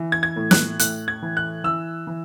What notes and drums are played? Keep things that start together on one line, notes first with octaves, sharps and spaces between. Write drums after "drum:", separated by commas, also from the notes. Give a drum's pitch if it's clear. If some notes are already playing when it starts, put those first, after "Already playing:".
Already playing: E3
G#6
G#6
A2
F#6, drum: snare
A2 F#6, drum: hi-hat
G#6
E3
F#6
E3 E6
E3